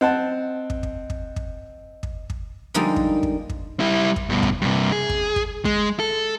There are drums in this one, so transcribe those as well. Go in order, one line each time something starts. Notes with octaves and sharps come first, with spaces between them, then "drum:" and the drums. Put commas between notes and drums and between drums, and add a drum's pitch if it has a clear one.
C4 D#5 F#5 A5
drum: kick
drum: kick
drum: kick
drum: kick
drum: kick
drum: kick
D3 F3 G3 G#3 A#3 D#4
drum: kick
drum: kick
drum: kick
G3 E4
drum: kick
G2 B2
drum: kick
G2 C3
G#4
drum: kick
drum: kick
G#3, drum: kick
A4